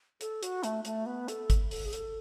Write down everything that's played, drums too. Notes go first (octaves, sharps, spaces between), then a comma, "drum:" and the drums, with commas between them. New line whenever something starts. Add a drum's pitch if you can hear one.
A4, drum: hi-hat
F#4, drum: hi-hat
A3, drum: hi-hat
A3, drum: hi-hat
B3
A4, drum: hi-hat
drum: kick, hi-hat
A4, drum: open hi-hat
G#4
A4, drum: hi-hat